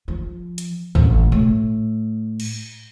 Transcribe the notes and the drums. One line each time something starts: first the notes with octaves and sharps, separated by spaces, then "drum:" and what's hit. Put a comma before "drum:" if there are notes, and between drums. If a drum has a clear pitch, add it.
F3
drum: hi-hat
A1 F2, drum: kick
A2, drum: tom A#2
drum: cymbal